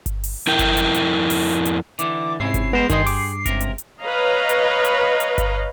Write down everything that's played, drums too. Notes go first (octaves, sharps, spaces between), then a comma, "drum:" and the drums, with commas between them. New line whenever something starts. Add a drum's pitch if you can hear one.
drum: kick G1, hi-hat
drum: open hi-hat
F2 E4 A#4 G5
drum: kick G1, hi-hat
drum: hi-hat
drum: hi-hat
drum: open hi-hat
drum: hi-hat
D3 E3 D6, drum: hi-hat
G#2 C3 C#4 E4 C7
drum: kick G1, hi-hat
G#3 B3 A#4 C5
G2 D#3 G#4 D#5 G5 C6, drum: kick G1, hi-hat
D6, drum: open hi-hat
C#2 C3 A#4, drum: kick G1, hi-hat
drum: hi-hat
drum: hi-hat
B4 C#5 D#5 F5 A#5
drum: hi-hat
drum: hi-hat
drum: hi-hat
drum: kick G1, hi-hat